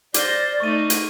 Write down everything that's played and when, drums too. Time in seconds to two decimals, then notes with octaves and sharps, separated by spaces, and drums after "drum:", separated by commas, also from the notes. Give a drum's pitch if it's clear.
0.14 C5 D5 D6 F6 A#6 G7, drum: hi-hat
0.60 A3 D#4 C#6 D#7
0.90 drum: hi-hat